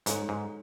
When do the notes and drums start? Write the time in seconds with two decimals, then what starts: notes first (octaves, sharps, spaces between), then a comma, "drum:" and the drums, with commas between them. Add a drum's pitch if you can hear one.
0.06 G#2 G#3 D#4 A4 C#5, drum: hi-hat
0.29 G#2